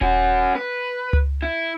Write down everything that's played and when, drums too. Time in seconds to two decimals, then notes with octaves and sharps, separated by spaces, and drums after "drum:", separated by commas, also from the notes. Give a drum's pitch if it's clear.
0.01 C#4 F#4, drum: kick D#1
0.55 B4
1.13 drum: tom C#2
1.42 E4